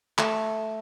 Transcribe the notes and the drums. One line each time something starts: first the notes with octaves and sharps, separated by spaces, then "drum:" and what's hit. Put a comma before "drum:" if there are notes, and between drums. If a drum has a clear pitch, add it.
A3, drum: clap